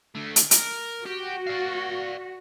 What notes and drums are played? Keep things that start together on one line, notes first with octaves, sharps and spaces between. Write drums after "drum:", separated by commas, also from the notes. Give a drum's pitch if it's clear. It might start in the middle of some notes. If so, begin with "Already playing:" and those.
D3 A3
drum: hi-hat
A#4, drum: hi-hat
F#4 G4
D5 F5